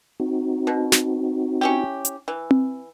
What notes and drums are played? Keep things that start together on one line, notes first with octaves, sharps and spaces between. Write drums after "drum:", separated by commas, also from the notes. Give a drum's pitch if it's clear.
C4 D#4 F#4
B2
drum: snare
C#4 E4 G4
drum: hi-hat
E3
drum: tom C4